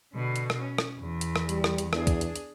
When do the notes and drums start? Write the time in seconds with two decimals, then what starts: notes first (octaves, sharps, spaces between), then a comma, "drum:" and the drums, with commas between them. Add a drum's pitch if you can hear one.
0.13 B2 D3
0.36 drum: hi-hat
0.50 drum: rim click
0.60 C#4
0.78 drum: rim click
0.99 E2
1.21 drum: hi-hat
1.36 drum: rim click
1.49 G3, drum: hi-hat
1.64 drum: rim click
1.78 drum: hi-hat
1.93 E2 D4 G#4, drum: rim click
2.07 drum: kick, hi-hat
2.21 drum: hi-hat
2.36 drum: hi-hat